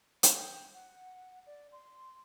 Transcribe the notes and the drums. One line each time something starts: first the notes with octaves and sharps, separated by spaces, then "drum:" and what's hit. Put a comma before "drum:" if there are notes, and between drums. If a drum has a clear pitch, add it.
G5, drum: hi-hat
F#5
D5
C6